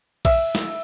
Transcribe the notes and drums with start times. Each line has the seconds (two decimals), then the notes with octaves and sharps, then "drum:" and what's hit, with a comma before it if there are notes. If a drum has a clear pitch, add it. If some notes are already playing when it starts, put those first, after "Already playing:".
0.25 E5, drum: kick A#1, cymbal
0.55 drum: snare